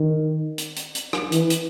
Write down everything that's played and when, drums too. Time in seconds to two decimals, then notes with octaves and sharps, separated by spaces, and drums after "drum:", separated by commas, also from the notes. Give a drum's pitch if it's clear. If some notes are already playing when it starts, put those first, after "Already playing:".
Already playing: D#3
0.58 drum: hi-hat
0.76 drum: hi-hat
0.95 drum: hi-hat
1.13 drum: rim click
1.32 E3, drum: hi-hat
1.50 drum: hi-hat